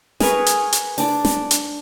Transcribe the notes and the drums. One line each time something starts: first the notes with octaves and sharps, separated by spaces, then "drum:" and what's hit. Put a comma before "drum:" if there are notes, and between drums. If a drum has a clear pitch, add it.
G#4 A#4 B4 C#6, drum: snare
drum: hi-hat
drum: hi-hat
D4 D5, drum: open hi-hat
drum: snare
drum: hi-hat